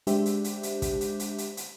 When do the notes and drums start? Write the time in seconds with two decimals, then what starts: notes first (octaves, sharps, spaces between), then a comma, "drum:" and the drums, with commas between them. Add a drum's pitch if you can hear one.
0.07 G#3 D4 G4 C5 E5, drum: hi-hat
0.26 drum: hi-hat
0.44 drum: hi-hat
0.63 drum: hi-hat
0.82 drum: kick, hi-hat
1.01 drum: hi-hat
1.20 drum: hi-hat
1.38 drum: hi-hat
1.57 drum: hi-hat